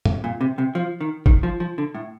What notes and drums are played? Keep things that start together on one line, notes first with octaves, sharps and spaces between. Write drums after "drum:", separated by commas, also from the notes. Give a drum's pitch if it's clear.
drum: tom
A#2
C3
C3
F3
D#3
D#3, drum: kick G1
F3
F3
D3
A2